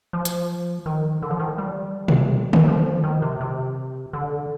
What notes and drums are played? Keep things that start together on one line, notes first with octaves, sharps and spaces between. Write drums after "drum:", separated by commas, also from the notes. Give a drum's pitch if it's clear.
F3
drum: hi-hat
D#3
D3
F3
D#3
G3
drum: tom B2
drum: tom D3
F3
D#3
C3
C3
D3